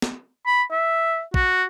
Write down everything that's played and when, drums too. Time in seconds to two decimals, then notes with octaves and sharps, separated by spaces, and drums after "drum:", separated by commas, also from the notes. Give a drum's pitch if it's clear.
0.02 drum: snare
0.46 B5
0.71 E5
1.34 F#4, drum: kick